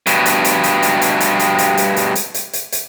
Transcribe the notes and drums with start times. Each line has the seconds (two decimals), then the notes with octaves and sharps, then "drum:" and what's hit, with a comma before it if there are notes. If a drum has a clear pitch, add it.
0.07 G2 B2, drum: hi-hat
0.26 drum: hi-hat
0.45 drum: hi-hat
0.64 drum: hi-hat
0.83 drum: hi-hat
1.01 drum: hi-hat
1.20 drum: hi-hat
1.39 drum: hi-hat
1.58 drum: hi-hat
1.77 drum: hi-hat
1.96 drum: hi-hat
2.15 drum: hi-hat
2.34 drum: hi-hat
2.53 drum: hi-hat
2.72 drum: hi-hat